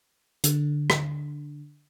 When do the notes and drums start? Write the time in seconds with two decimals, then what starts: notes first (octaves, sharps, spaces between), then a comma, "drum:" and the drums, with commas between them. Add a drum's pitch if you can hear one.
0.44 D3, drum: hi-hat
0.90 drum: rim click